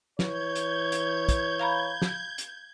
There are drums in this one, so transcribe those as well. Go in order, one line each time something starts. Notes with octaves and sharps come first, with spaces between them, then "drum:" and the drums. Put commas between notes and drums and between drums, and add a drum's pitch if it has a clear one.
E3 C#5 G6 G#6, drum: snare
drum: hi-hat
drum: hi-hat
drum: kick, hi-hat
F5 A#5 B5
drum: snare
drum: hi-hat